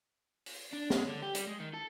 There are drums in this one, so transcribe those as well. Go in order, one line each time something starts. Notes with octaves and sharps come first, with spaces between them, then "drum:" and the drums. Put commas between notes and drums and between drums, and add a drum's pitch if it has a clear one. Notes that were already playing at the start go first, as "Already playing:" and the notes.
drum: open hi-hat
D4
G#3, drum: snare
D3
G4
G3, drum: hi-hat
G#3
D#3
A4